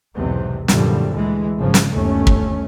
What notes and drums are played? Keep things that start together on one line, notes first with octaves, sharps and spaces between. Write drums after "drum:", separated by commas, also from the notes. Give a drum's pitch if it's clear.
B1 E2 G#2 C3
F#2 A#2 D3 E3 F3 G3, drum: snare
D2 E3 G#3
G#1 C#3 F3 G#3
drum: snare
G1 D#2 A3 C#4
drum: kick